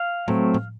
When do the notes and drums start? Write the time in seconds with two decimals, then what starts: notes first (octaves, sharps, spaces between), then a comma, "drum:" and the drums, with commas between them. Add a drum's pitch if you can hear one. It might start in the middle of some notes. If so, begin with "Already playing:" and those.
Already playing: F5
0.28 F#3 A3 C4, drum: tom A2
0.54 drum: tom A2